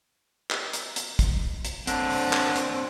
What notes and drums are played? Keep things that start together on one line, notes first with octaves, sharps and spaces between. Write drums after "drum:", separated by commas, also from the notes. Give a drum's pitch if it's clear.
drum: clap
drum: hi-hat
drum: hi-hat
drum: kick, hi-hat
drum: hi-hat
D3 C4 D4, drum: hi-hat
drum: open hi-hat
drum: clap
drum: hi-hat